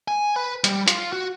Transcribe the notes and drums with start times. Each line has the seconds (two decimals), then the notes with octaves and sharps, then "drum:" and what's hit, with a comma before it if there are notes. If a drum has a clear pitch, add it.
0.08 G#5
0.36 B4
0.64 G3, drum: hi-hat
0.88 F4, drum: hi-hat
1.13 F#4